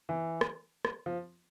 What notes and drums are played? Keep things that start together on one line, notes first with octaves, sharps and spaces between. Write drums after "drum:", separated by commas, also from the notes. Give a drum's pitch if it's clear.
E3
drum: rim click
drum: rim click
F3